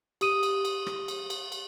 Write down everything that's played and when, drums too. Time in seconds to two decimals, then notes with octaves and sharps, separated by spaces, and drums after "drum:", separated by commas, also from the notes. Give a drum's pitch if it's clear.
0.21 G4 D#6 D#7, drum: cymbal
0.43 drum: cymbal
0.65 drum: cymbal
0.87 drum: rim click
1.08 drum: cymbal
1.30 drum: cymbal
1.52 drum: cymbal